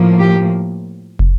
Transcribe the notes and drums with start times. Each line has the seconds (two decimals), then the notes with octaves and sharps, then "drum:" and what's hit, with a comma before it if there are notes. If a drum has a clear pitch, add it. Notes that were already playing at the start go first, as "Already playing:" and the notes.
Already playing: A2 F3 A#3
0.19 G4
1.19 drum: kick